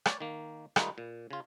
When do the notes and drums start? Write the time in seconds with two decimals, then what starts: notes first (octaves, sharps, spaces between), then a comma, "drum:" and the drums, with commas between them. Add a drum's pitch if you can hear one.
0.06 C#5 D5, drum: rim click
0.20 D#3 A#3
0.76 D#3 G3 A3 D#4 F4 B4, drum: rim click
0.98 A#2
1.31 C#3 F4